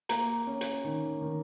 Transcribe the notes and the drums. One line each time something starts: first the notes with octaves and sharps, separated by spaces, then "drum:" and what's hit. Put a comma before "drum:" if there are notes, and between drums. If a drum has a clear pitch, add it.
A#3 A#5, drum: hi-hat
C#4
drum: hi-hat
D#3
D#3